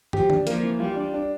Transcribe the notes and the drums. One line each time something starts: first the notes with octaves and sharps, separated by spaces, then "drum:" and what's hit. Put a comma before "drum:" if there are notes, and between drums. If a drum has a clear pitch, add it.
F3 G4, drum: tom
D4, drum: tom D3
F3 A#3, drum: hi-hat
E3
G3 F4
D4
D4